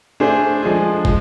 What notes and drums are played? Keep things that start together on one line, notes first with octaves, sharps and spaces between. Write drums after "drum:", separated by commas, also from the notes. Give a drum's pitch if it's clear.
A3 D4 G#4 C5
F3 G#3 D4 G#4
G#3, drum: kick